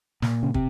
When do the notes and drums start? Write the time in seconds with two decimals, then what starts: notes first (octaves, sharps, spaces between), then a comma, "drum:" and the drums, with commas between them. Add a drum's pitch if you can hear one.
0.22 A#2, drum: snare
0.43 C#3
0.54 C3, drum: kick